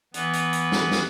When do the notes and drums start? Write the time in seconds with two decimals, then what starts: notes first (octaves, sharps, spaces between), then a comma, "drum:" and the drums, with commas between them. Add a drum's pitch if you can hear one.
0.14 E3 B3, drum: hi-hat
0.33 drum: hi-hat
0.53 drum: hi-hat
0.72 drum: snare
0.91 drum: snare